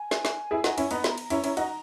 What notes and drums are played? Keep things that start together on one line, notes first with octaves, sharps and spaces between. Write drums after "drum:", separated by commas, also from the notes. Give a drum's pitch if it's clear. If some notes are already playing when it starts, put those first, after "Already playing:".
Already playing: G#5
drum: snare
drum: snare
E4 G#4
D#4 F#4, drum: snare
C#4 E4, drum: cymbal
B3 D#4 A#5, drum: cymbal
drum: snare
drum: cymbal
C#4 E4, drum: cymbal
C#4 E4, drum: cymbal
D#4 F#4, drum: cymbal